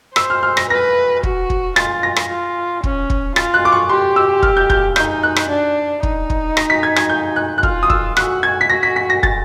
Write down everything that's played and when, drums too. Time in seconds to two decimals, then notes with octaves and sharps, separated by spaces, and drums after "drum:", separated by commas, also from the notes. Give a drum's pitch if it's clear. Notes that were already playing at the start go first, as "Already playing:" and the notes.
0.16 C5 E6, drum: rim click
0.30 F6
0.43 F6
0.57 A#6, drum: rim click
0.69 B4 A#6
1.23 F#4, drum: kick
1.50 drum: kick
1.76 F4 A6, drum: rim click
2.03 A#6
2.16 drum: rim click
2.29 F4
2.84 C#4, drum: kick
3.10 drum: kick
3.36 F4 A6, drum: rim click
3.54 F#6
3.65 D6
3.72 C#6
3.89 G4 C6
4.16 E6
4.42 F6, drum: kick
4.57 G6
4.70 G6, drum: kick
4.96 D#4 G6, drum: rim click
5.23 F#6
5.36 drum: rim click
5.50 D4
6.03 D#4, drum: kick
6.30 drum: kick
6.57 A#6, drum: rim click
6.70 B6
6.83 G#6
6.96 G#6, drum: rim click
7.10 G6
7.36 F#6
7.58 F#6
7.63 F4 F6, drum: kick
7.83 D#6
7.90 E6, drum: kick
8.17 F#4 F#6, drum: rim click
8.43 G#6
8.61 B6
8.70 F#4 A#6
8.83 B6
8.96 B6
9.10 A#6
9.23 A6, drum: kick